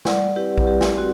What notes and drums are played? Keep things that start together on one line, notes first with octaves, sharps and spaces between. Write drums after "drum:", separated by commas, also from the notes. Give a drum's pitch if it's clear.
G3 D5 F#5, drum: snare
C4 E4 G4 B4
drum: kick A#1
G3 G4
drum: snare
C4 F#4